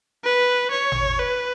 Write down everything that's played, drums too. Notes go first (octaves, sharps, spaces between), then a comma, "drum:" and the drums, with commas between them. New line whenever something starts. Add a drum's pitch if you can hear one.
B4
C#5
drum: tom G#1
B4